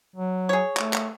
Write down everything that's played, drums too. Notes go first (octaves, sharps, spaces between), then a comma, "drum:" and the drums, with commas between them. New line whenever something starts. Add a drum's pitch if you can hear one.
F#3
G#4 C#5
A3, drum: clap
drum: clap